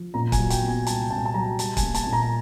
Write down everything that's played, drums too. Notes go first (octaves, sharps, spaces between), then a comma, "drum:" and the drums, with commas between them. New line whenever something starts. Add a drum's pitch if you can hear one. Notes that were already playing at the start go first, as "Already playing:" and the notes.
Already playing: F3
A#2 A#5
G#5, drum: kick, hi-hat
F#3
G5, drum: hi-hat
B3
G#5
C2 A5, drum: hi-hat
A#2 A5
G#5
A5
F#3 A#5
G3 A5, drum: hi-hat
G#5, drum: kick, hi-hat
A#3
A5, drum: hi-hat
A#2
A#5